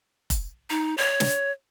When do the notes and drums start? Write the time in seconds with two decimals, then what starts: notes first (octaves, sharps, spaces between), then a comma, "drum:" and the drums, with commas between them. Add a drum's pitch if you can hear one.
0.30 drum: kick F1, hi-hat
0.70 D#4
0.98 C#5
1.20 drum: snare